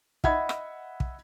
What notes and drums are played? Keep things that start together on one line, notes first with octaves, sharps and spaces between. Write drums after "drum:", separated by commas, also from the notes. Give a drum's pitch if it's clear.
D#5 E5 F#5 B5 G#6, drum: kick
drum: rim click
drum: kick